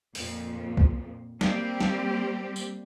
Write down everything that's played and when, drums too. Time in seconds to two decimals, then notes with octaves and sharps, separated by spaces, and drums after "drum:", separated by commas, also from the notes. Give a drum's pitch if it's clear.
0.15 F2 A#2, drum: open hi-hat
0.77 drum: kick B1
1.41 G3 A#3 C4 G4, drum: snare
1.81 drum: snare
2.56 drum: tambourine